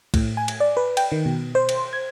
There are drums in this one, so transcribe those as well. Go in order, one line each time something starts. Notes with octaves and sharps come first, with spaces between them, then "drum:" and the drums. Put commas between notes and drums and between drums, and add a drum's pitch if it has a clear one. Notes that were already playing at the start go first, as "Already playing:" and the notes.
A2, drum: kick, cymbal
G#5
drum: cymbal
D5
B4
G5, drum: cymbal
D#3
B2
C5
drum: cymbal
G#6